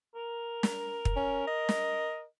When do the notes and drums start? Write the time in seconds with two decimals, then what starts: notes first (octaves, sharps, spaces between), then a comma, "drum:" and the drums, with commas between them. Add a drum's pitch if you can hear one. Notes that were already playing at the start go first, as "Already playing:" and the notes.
0.15 A#4
0.63 drum: snare
1.05 drum: kick
1.16 C#4
1.48 D#5
1.69 drum: snare